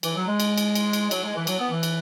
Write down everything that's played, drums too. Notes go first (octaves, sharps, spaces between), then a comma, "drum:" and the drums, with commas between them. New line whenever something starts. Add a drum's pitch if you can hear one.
E3, drum: cymbal
F#3
G#3
drum: cymbal
drum: cymbal
drum: cymbal
drum: cymbal
F#3, drum: cymbal
G#3
E3
F#3, drum: cymbal
B3
E3
drum: cymbal